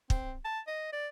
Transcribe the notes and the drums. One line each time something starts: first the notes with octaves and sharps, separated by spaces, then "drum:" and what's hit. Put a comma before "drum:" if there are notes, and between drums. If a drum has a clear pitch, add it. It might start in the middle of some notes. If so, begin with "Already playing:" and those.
C4, drum: kick
A5
D#5
D5